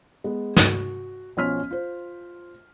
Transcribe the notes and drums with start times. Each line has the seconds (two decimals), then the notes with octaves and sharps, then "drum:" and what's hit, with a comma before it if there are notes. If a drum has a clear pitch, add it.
0.24 G#3 B3
0.57 F#4, drum: snare
1.37 B1 F3 C#4 C6 F6 B6
1.71 F4 C5